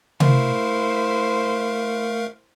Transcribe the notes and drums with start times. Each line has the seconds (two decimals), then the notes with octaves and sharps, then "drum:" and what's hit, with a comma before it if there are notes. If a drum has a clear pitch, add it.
0.20 A3 E4 A#4 C5 F5, drum: tom C3